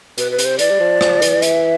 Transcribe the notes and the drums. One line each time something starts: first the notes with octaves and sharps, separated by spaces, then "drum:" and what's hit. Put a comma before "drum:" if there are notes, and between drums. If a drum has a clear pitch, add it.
B2 B4, drum: hi-hat
B4
C3, drum: hi-hat
C5
E3 D5, drum: hi-hat
G3
F3
F3, drum: rim click
E3, drum: hi-hat
E5, drum: hi-hat